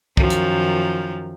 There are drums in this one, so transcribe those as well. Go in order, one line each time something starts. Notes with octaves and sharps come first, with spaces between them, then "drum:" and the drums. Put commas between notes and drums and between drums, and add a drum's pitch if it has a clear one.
F#2 D#3 F3, drum: kick
drum: hi-hat